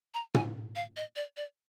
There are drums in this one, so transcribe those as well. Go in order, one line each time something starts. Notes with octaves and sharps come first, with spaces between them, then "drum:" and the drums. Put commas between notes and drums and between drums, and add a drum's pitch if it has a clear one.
A#5
G#5, drum: tom
F5
D#5
D5
D5